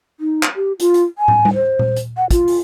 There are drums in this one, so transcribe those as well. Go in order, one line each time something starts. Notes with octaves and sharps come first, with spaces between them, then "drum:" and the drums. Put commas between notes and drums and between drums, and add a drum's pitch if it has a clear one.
D#4
drum: clap
G4
F4, drum: hi-hat
drum: hi-hat
G#5
drum: tom
drum: tom G3
C5
drum: tom A#2
drum: hi-hat
F#5
F4, drum: kick, hi-hat
drum: open hi-hat